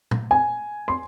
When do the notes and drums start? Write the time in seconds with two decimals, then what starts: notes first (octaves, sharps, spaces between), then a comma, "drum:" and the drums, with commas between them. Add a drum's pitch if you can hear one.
0.11 drum: tom
0.31 G#5
0.88 C6